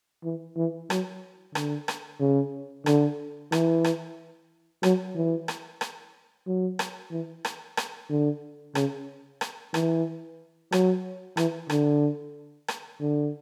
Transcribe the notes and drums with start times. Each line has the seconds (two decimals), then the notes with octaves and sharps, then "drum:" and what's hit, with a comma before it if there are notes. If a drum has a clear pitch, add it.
0.24 E3
0.57 E3
0.90 F#3, drum: rim click
1.55 D3, drum: rim click
1.88 drum: rim click
2.20 C#3
2.86 D3, drum: rim click
3.52 E3, drum: rim click
3.84 drum: rim click
4.83 F#3, drum: rim click
5.16 E3
5.48 drum: rim click
5.81 drum: rim click
6.47 F#3
6.79 drum: rim click
7.11 E3
7.45 drum: rim click
7.77 drum: rim click
8.10 D3
8.75 C#3, drum: rim click
9.41 drum: rim click
9.74 E3, drum: rim click
10.72 F#3, drum: rim click
11.37 E3, drum: rim click
11.70 D3, drum: rim click
12.68 drum: rim click
13.01 D3